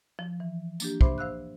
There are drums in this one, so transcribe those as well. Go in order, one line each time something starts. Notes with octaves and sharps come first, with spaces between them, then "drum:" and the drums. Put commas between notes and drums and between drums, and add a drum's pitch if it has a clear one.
F3
E3
A#3 D4 G4, drum: tambourine
C5 E5 B5 C6 D6, drum: kick
C5 F5 E6 F#6